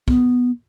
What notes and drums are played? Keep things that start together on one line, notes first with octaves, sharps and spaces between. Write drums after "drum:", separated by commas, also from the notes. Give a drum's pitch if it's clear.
B3, drum: kick